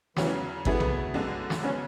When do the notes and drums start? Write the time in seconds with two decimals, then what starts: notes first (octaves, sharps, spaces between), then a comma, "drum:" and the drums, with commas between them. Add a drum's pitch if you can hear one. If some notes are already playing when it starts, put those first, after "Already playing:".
0.16 E2 C#3 E3 F#3 C#4 F#4, drum: snare
0.65 B2 A3 B3 E4 G#4, drum: kick
0.80 drum: tom B1
1.14 F#2 D3 G#3 D4 F#4
1.50 drum: snare
1.63 C#3 F#3 B3 C#4 D4